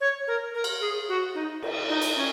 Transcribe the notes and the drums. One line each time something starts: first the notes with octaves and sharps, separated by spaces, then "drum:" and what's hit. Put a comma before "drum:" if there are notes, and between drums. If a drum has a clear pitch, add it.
C#5
A#4
A#4
drum: cymbal
G#4
F#4
D#4
drum: cymbal
D#4
drum: hi-hat
C#4